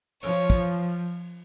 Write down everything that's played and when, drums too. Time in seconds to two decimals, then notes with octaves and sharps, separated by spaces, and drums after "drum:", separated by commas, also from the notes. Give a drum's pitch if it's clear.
0.23 F3 C#5, drum: cymbal
0.50 drum: kick